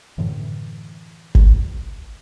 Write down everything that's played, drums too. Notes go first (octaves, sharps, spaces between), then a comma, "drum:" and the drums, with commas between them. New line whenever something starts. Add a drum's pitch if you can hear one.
F#2 A2 D3 E3
drum: kick G1